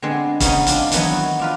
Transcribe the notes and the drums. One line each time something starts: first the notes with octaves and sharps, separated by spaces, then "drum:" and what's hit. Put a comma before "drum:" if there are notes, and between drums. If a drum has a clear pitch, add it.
D3 G#3 B3 C4
C#3 B3 D#4, drum: kick E1, hi-hat
C4 D4 F4, drum: hi-hat
D#3 E3 F#3 B3 D#4, drum: hi-hat
F#4
D4 F4 B4